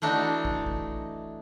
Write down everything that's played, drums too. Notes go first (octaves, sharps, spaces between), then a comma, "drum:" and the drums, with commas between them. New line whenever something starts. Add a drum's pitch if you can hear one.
E3 A3 D4 D#4 F#4
drum: kick
drum: kick